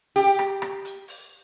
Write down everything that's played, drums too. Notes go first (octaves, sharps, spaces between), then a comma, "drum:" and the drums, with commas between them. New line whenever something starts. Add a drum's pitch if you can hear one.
G4, drum: open hi-hat
drum: rim click
drum: rim click
drum: hi-hat
drum: open hi-hat